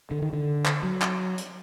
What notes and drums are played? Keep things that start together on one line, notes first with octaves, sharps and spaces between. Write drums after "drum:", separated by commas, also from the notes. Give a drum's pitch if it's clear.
D3
D#3
D3
drum: clap
F#3
drum: clap
drum: hi-hat